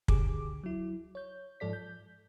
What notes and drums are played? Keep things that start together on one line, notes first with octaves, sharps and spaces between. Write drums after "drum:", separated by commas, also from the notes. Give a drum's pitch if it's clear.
C#2 D3 G4 G#4 D6, drum: kick
F#3 E4
C#5 G6
G#2 F3 A4 D5 B6
G6